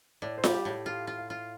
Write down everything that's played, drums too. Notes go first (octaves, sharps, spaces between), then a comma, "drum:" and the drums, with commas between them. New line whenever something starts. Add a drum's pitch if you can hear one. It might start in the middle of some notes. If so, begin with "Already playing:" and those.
A2 D5
C5
G3, drum: snare F4
G4
A2 G4
F4 G4
F4
F5
F4